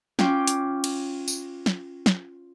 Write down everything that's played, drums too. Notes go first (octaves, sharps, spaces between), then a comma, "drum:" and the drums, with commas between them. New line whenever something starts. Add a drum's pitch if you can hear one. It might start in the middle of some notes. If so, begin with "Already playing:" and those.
C#4 F4 G5 D6 G6, drum: snare
drum: hi-hat
drum: cymbal
drum: tambourine
drum: snare
drum: snare